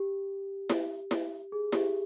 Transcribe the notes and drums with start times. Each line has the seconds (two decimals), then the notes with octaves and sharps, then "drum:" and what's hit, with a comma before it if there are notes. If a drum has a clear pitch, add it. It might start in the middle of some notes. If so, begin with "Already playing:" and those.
Already playing: G4
0.69 drum: snare E4
1.11 drum: snare E4
1.52 G#4
1.72 G4, drum: snare E4